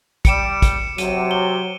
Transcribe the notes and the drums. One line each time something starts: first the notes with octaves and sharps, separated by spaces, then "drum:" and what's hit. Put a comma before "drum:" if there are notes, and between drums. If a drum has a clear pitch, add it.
G3 C#7 D7 E7, drum: kick, hi-hat
drum: kick, hi-hat
C3 F#3 D#7, drum: hi-hat
G7